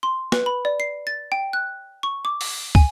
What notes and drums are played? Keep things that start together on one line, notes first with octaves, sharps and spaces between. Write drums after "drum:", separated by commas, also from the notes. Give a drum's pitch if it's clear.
C6
B4, drum: snare
B5
D5
C7
A6
G5
F#6
C#6
D6
drum: open hi-hat
G#5, drum: kick